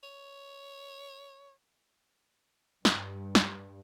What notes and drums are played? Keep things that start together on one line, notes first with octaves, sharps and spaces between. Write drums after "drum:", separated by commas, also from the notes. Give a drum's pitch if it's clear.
C#5
G2, drum: snare
drum: snare